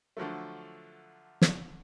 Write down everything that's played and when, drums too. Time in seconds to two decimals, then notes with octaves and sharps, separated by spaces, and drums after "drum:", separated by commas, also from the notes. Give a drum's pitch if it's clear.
0.17 D3 F3 F#3 A3
1.42 drum: snare